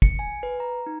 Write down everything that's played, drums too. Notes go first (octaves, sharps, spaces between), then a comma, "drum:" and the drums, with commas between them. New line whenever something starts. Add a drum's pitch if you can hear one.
C#7, drum: kick
G#5
B4
A#5
D#4